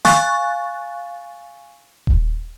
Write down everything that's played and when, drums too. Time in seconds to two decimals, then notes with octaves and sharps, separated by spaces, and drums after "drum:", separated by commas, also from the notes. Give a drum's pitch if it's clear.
0.05 F5 G#5 C#6 F#6 A6, drum: snare
2.07 drum: kick D#1